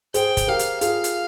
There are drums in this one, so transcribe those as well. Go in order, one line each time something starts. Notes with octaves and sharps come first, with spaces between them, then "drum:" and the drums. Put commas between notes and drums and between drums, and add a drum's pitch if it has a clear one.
G#4 C5 G5, drum: hi-hat
drum: kick, hi-hat
G4 A#4 F5
drum: hi-hat
F4 G#4 F5, drum: hi-hat
drum: hi-hat